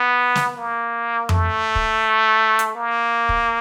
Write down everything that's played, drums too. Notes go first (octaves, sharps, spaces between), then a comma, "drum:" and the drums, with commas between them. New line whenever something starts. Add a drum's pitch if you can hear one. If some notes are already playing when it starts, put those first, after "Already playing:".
Already playing: B3
drum: snare
A#3
A3, drum: tom F2
drum: kick
drum: hi-hat
A#3
drum: kick